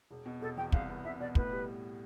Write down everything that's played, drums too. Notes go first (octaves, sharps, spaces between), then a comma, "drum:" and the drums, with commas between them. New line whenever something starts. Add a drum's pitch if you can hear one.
E1
B2
E1 A4
E2 G5
C2 F5, drum: kick
B3
C2 E5
B2 D5
A2 B4, drum: kick
G3